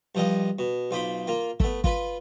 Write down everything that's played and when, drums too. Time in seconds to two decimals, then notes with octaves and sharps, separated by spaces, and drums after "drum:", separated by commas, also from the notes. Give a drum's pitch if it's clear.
0.15 G2 F3 D#5 F5
0.59 B2
0.91 B1 F4 C5 B5 D6
1.27 A#3 F4
1.60 A3 B3, drum: kick
1.84 F4 B4 B5, drum: kick